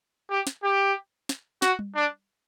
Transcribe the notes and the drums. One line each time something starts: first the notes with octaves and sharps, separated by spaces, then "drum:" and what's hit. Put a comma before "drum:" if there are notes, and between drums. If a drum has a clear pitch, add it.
G4
drum: snare
G4
drum: snare
F#4, drum: snare
drum: tom G3
D4